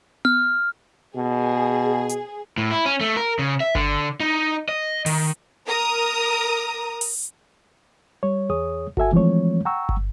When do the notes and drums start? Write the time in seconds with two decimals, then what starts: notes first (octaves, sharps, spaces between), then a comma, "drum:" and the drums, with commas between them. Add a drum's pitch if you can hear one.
0.25 F6, drum: tom B3
1.17 B2 G#4
2.09 drum: hi-hat
2.58 A2
2.71 E4
2.86 C#4
3.01 A3
3.17 A#4
3.39 C#3
3.60 E5
3.75 D3, drum: kick G1
4.20 D#4
4.69 D#5
5.06 D#3, drum: open hi-hat
5.66 A#4 A#5 D#6
7.01 drum: open hi-hat
8.23 G3 C#5
8.50 E2 G#4 C#5 D#6
8.97 F#4 A4 E5 G#5, drum: kick G1
9.13 E3 F3 G#3 A3 C4 C#5
9.65 F#5 G5 A#5 C#6 E6
9.89 drum: kick G1